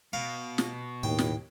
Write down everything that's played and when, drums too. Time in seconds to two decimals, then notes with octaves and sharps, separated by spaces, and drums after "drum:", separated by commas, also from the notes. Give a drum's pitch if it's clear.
0.13 B2 F5
0.58 drum: snare
1.03 D#2 A2 G5
1.19 drum: snare